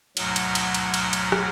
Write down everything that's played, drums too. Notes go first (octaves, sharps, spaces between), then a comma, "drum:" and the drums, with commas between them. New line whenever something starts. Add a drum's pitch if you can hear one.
D2 G#2 B2 F#3 F#5 F6, drum: cymbal
drum: cymbal
drum: cymbal
drum: cymbal
drum: cymbal
drum: cymbal
drum: rim click